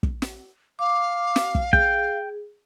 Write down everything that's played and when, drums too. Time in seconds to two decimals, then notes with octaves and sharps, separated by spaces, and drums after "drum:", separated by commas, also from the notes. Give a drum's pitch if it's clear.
0.03 drum: kick
0.22 drum: snare
0.79 F5 D6
1.36 drum: snare
1.55 drum: kick
1.73 G#4 G5, drum: kick